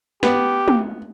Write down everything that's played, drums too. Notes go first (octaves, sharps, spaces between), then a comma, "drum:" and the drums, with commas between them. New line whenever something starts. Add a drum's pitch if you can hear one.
B3 G4, drum: snare
drum: tom